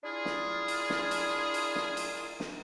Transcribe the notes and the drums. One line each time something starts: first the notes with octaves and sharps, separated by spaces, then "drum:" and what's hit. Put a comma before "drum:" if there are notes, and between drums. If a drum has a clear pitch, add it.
D4 E4 F4 G#4
drum: snare
drum: cymbal
drum: snare
drum: cymbal
drum: cymbal
drum: snare
drum: cymbal
drum: snare